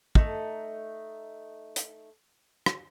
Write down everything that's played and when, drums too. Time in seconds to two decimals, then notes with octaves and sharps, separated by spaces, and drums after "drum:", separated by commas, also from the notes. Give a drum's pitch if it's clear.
0.15 A3 C4 D#4, drum: kick
1.76 drum: hi-hat
2.66 drum: rim click